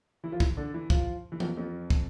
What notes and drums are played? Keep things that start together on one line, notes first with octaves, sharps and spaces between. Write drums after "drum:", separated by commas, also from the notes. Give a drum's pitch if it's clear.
E3 E4
F3 F4
E3 E4, drum: kick
D3 D4
E3 E4
F3 F4, drum: kick
E3 E4
F2 F3, drum: tom E3
F2 F3
drum: kick